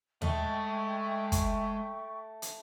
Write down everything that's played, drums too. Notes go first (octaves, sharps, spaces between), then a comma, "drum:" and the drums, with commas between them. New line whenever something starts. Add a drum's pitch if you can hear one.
G#3 A3 D#5 E5 G5 C#6, drum: tom D#2
drum: kick, hi-hat
drum: hi-hat